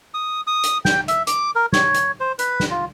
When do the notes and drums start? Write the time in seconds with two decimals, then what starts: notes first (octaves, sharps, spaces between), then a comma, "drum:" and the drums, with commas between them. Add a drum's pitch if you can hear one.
0.14 D#6
0.47 D#6
0.64 drum: hi-hat
0.85 G5, drum: snare
1.08 E5, drum: hi-hat
1.27 D6, drum: hi-hat
1.55 A#4
1.73 C#5, drum: snare
1.94 drum: hi-hat
2.20 C5
2.39 B4, drum: hi-hat
2.60 drum: snare
2.71 F4